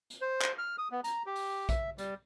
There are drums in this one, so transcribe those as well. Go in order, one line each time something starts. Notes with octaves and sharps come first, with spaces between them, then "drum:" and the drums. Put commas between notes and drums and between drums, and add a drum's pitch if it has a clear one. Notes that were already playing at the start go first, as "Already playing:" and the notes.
drum: hi-hat
C5
drum: clap
F6
D#6
B3
A#5, drum: hi-hat
G4
drum: open hi-hat
E5, drum: kick A#1, hi-hat
G3, drum: hi-hat